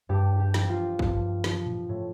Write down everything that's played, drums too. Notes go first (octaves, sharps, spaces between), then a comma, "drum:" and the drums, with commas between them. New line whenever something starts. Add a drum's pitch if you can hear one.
G2 G4
G4
F3, drum: snare
F4
G2, drum: kick
F3, drum: snare
drum: tom A2
A2